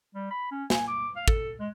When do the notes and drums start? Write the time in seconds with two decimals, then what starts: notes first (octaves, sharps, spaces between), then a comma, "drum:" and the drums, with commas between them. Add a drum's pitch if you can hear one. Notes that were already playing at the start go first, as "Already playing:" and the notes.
0.15 G3
0.31 B5
0.51 C#4
0.70 G#5, drum: snare
0.88 D6
1.16 F5
1.28 A4, drum: kick
1.60 G#3